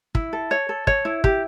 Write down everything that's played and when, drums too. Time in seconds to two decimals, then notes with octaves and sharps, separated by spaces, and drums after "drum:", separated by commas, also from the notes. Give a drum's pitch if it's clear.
0.15 E4, drum: kick
0.33 A4
0.51 C#5
0.69 A4
0.87 C#5, drum: kick
1.05 E4
1.24 G4, drum: kick